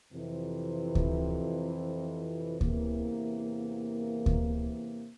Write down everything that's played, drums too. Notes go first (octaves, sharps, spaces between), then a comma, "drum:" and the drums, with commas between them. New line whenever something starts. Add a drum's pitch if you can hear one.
F2 C3 E3
drum: kick D2
E2 C3 E3 A#3, drum: kick D2
drum: kick D2